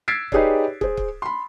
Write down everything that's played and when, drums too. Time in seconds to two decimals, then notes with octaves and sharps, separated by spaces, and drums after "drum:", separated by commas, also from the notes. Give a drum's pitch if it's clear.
0.08 E6 G#6 A6 B6 C7 D7
0.32 D#4 G4 G#4 B4 C#5 D5, drum: kick
0.81 G#4 C5, drum: kick
0.97 drum: kick
1.22 B5 C6